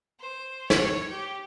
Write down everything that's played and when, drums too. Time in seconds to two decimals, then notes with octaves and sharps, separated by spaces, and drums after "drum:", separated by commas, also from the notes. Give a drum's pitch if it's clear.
0.20 C5
0.70 C#5, drum: snare
1.09 G4